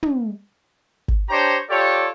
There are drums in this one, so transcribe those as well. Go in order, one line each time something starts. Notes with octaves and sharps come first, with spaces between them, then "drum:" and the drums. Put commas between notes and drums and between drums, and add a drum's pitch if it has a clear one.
drum: tom
drum: kick G1
D4 G4 C5 C#5 A#5
F4 G4 A4 C#5 D5